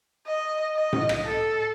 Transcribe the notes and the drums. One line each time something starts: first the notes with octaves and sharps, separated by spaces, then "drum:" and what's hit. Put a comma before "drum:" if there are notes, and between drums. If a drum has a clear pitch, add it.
D#5
D#5
drum: tom A2
drum: rim click
A4